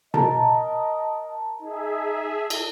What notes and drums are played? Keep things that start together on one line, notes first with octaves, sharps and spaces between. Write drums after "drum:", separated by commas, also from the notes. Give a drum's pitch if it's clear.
A#4 D#5 A5, drum: tom B2
D#4 G#4 E5
drum: cymbal